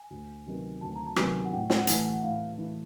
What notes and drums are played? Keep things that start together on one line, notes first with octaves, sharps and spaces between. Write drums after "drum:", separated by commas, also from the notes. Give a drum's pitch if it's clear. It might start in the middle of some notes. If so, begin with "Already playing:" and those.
Already playing: G#5
D2
C3 D#3 F#3 B3
D2 A5
A#5
A5
C3 D#3 F#3 B3 G#5, drum: rim click
F#5
A2 G5
F#5, drum: snare
E3 A3 G#5, drum: hi-hat
F#5
A2 F5
E3 A3